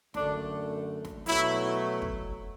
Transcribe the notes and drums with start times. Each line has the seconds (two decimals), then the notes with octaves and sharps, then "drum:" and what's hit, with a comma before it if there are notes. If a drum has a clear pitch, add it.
0.14 F#2 D3 A3 D4, drum: snare
1.05 drum: snare
1.26 B2 F#3 A3 E4, drum: hi-hat
2.02 drum: kick